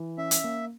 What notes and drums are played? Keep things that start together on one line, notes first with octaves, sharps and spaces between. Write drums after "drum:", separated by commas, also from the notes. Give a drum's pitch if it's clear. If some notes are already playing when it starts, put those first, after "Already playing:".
Already playing: E3
C#4 E5
drum: hi-hat
A#3